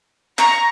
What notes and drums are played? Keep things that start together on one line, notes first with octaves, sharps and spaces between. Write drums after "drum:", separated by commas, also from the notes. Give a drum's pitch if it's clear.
A#5 C#6, drum: clap